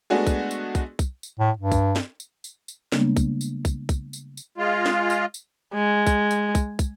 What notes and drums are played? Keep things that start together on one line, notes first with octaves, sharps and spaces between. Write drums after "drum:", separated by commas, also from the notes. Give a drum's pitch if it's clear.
G#3 A3 B3 D4 F#4 G#4
drum: kick, tambourine
drum: tambourine
drum: kick, tambourine
drum: kick, tambourine
drum: tambourine
A2
G2
drum: kick, tambourine
drum: snare
drum: tambourine
drum: tambourine
drum: tambourine
C#3 G3 G#3 A#3 B3 D4, drum: snare
drum: kick, tambourine
drum: tambourine
drum: kick, tambourine
drum: kick, tambourine
drum: tambourine
drum: tambourine
G#3 F4
drum: snare
drum: tambourine
drum: tambourine
G#3
drum: kick, tambourine
drum: tambourine
drum: kick, tambourine
drum: kick, tambourine